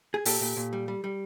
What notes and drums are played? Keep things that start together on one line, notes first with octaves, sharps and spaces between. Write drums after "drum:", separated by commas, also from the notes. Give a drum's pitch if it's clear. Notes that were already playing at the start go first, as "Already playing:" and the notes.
G#4
A#2 G4 A4, drum: open hi-hat
A#2
A#2
G3
G3
G3